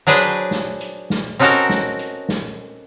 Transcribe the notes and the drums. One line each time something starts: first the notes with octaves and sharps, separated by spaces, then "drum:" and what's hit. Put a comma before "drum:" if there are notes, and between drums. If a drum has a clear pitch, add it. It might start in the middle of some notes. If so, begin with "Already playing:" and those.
F#3 D4 G#4 B4 C5 D5
drum: hi-hat
drum: snare
drum: hi-hat
drum: snare
C4 C#4 D#4 F#4 A4 A#4
drum: snare
drum: hi-hat
drum: snare